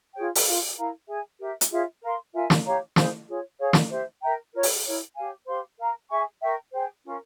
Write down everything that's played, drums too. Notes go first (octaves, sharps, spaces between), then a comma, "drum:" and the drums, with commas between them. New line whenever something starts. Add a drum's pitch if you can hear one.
F4 G#4 C#5 G5
drum: open hi-hat
F4 A#4 F5
E4 A#4 F5 A#5
G#4 E5 G#5
G4 A#4 E5
drum: hi-hat
F4 G#4 C#5 E5
A#4 F5 C6
F4 A#4 E5 G#5
drum: snare
G4 C#5 F5 A#5
E4 G#4 C5 F5, drum: snare
F4 G#4 C#5
G#4 C#5 F5
drum: snare
G4 C5 E5
A#4 E5 G5 A#5
F4 A#4 C#5
drum: open hi-hat
E4 A#4 C#5
G4 C#5 F5 G#5
G4 C5 F5 C6
A#4 F5 A#5
G#4 E5 G#5 C#6
A#4 E5 G5 C#6
G#4 C5 G5
C#4 F4 A#4